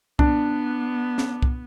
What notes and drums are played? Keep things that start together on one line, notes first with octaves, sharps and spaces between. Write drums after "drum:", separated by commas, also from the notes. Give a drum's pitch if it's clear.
B3 D4, drum: kick C2
drum: snare
drum: kick C2